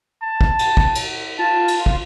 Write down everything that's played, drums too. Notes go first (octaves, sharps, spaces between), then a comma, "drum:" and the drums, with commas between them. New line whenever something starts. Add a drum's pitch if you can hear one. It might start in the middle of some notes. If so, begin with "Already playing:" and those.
A5
drum: kick
drum: cymbal
drum: kick
drum: cymbal
F4 A5
drum: cymbal
drum: kick